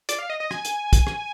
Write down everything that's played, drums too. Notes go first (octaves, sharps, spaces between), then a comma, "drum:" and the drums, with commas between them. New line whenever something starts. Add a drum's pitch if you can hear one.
D5, drum: hi-hat
F5
D#5
D#5
G#5, drum: rim click
drum: hi-hat
drum: kick, hi-hat
drum: rim click